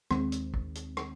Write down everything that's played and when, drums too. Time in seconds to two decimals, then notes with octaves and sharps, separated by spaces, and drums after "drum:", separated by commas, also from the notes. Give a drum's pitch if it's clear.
0.11 D#2 D#3 G#3 C4, drum: rim click
0.32 drum: hi-hat
0.54 drum: kick
0.75 drum: hi-hat
0.97 drum: rim click